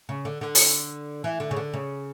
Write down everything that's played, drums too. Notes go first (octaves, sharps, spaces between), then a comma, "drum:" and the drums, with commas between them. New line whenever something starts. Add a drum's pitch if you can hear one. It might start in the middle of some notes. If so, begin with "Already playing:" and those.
C#3
D3
D3
drum: open hi-hat
E3
D3
C#3
D3
C#3